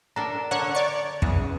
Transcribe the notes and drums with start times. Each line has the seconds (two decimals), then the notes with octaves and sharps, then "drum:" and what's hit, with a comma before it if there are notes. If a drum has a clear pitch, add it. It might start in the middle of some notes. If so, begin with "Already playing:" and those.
0.16 D4 A4 A#4 A#5
0.51 D3 C#5 F#5
0.75 C#5 D5 C#6
1.22 E2 C#3, drum: kick